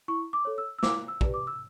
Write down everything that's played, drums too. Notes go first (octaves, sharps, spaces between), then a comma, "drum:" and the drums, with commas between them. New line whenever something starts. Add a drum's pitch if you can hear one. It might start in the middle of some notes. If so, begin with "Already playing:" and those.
E4 C#6
D6
A4 C#5
E6
E6
E4 D6, drum: snare
E6
G4 B4 D5, drum: kick
D6
E6